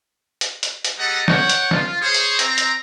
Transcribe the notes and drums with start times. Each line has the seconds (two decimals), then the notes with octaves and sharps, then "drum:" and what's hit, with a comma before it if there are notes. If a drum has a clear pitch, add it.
0.41 drum: hi-hat
0.63 drum: hi-hat
0.85 drum: hi-hat
0.98 G#3 G4 A4 D#5 F#5 A#5
1.28 C#5 F#5 G5, drum: snare
1.49 drum: hi-hat
1.71 F4, drum: snare
2.01 G#4 C5 C#5
2.14 drum: hi-hat
2.39 C4 A#5, drum: hi-hat
2.58 drum: hi-hat